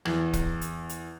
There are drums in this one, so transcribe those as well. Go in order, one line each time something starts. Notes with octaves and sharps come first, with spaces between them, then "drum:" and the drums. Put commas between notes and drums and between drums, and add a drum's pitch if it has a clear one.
E2, drum: rim click
drum: kick, hi-hat
drum: hi-hat
drum: hi-hat